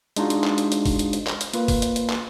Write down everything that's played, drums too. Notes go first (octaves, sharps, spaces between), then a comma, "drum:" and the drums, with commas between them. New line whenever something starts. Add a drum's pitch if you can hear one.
G#3 D4 D#4 F4 F#4, drum: hi-hat
drum: hi-hat
drum: clap
drum: hi-hat
drum: hi-hat
drum: kick G1, open hi-hat
drum: hi-hat
drum: hi-hat
drum: clap
drum: hi-hat
A#3 F4 B4, drum: hi-hat
drum: kick G1, open hi-hat
drum: hi-hat
drum: hi-hat
drum: clap